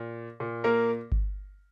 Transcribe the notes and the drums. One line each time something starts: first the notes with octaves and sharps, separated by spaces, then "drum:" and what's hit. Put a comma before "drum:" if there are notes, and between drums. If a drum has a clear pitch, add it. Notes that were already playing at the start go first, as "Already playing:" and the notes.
Already playing: A#2
A#2
A#3 A#4
drum: kick G1